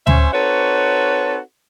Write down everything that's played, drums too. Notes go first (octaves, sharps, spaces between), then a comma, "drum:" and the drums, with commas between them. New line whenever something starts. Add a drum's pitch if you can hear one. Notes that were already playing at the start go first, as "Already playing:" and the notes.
C#4 C5 E5, drum: tom D2
C4 D#4 F#4 A4 B4 C#5